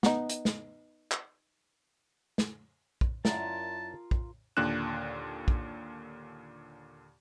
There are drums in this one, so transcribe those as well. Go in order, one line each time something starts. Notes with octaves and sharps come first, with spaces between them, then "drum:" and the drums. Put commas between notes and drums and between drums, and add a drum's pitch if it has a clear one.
B3 D#4, drum: snare
drum: hi-hat
drum: snare
drum: clap
drum: snare
drum: kick
F#2 E4 F4 A#4 D5 A5, drum: snare
drum: kick
D#2 A#2 D3 D4 F#6 E7
drum: kick